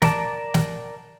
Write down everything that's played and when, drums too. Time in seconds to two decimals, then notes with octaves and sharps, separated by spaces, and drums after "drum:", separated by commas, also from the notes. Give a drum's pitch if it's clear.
0.02 A#4 D5 A5, drum: snare
0.54 drum: snare